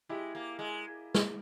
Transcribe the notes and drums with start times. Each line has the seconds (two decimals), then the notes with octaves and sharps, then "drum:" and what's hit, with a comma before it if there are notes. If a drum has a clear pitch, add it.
0.09 G#3 E4 G4
0.35 A#3
0.59 G#3
1.15 drum: snare